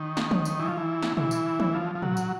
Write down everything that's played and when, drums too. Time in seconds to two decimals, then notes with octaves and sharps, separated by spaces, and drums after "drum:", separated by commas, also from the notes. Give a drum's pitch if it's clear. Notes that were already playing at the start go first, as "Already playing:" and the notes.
Already playing: D#3
0.17 drum: snare
0.31 drum: tom
0.45 drum: tambourine
0.59 E3
0.68 F3
0.77 E3
1.03 drum: snare
1.17 E3, drum: tom
1.31 drum: tambourine
1.60 drum: tom
1.74 F3
1.95 F3
2.02 F#3, drum: tom
2.17 drum: tambourine